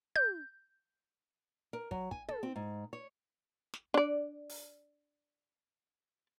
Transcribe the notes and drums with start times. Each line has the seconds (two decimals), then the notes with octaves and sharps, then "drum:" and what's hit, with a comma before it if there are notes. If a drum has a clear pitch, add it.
0.16 G6, drum: tom
1.73 A#4
1.91 F#3, drum: kick
2.11 G#5, drum: kick
2.28 A4, drum: tom
2.43 C4
2.56 G#2
2.93 C#5
3.74 drum: snare
3.94 D4 D5
4.49 drum: open hi-hat